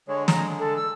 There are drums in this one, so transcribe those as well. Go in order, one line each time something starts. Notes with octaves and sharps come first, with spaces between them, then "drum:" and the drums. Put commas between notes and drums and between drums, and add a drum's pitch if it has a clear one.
D3 G#3 C#5
A#5, drum: snare
A4
E6